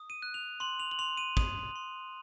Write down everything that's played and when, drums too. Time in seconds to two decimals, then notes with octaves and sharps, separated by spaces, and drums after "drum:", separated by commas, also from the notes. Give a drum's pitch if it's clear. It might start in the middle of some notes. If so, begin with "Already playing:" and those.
Already playing: D#6
0.10 D#7
0.22 F#6
0.34 F7
0.60 C6 F#7
0.80 F7
0.91 F#7
0.99 C6 F7
1.17 D#7
1.37 D#6, drum: kick
1.76 C6